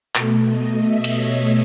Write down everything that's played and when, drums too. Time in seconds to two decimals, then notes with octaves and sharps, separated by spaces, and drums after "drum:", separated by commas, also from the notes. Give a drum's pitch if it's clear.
0.15 B2 A3 A4, drum: clap
0.48 D#5
0.82 E5
1.04 drum: cymbal
1.16 C#5